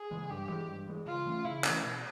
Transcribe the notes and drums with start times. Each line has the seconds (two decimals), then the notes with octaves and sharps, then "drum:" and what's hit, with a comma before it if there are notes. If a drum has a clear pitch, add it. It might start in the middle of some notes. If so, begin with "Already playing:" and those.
Already playing: G#4
0.11 C#3 E3 G#3
0.30 G2 G4
0.49 E3 G#3
0.68 G2
0.87 E3 G#3
1.06 C#3 F4
1.26 E3 A3 C#4
1.45 C#3 E4
1.64 E3 A3 C#4, drum: clap
1.83 B2